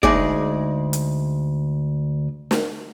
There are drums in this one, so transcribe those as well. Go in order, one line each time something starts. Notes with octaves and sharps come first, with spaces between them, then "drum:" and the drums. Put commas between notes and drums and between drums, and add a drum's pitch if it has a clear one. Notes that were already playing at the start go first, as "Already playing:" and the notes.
D2 G#3 D#4 G#4 D5, drum: kick
drum: hi-hat
drum: snare